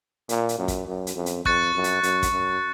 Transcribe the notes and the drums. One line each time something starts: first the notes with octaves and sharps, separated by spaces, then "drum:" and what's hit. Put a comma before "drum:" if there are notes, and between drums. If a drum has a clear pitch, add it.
A#2, drum: hi-hat
drum: hi-hat
F#2
drum: kick, hi-hat
F#2
drum: hi-hat
F2
drum: hi-hat
F2 C#6 F#6 A6 C#7, drum: kick
F#2
drum: hi-hat
F#2, drum: hi-hat
drum: kick, hi-hat
F#2